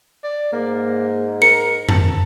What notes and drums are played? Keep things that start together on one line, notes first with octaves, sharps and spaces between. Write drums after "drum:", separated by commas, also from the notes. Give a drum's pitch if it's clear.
D5
G#2 A#3
A#4 C#7
A5, drum: tom F2